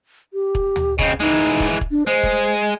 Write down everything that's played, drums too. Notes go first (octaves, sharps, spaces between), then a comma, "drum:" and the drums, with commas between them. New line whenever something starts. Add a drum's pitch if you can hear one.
G4
drum: kick
drum: tom D2
C#3 C4 D#5, drum: kick
E3 G#3 D#4
drum: kick
drum: kick
D4
G#3 C5
drum: kick